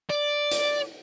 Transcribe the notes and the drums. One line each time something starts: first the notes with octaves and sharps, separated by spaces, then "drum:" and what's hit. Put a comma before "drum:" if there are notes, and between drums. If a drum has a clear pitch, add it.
D5
drum: hi-hat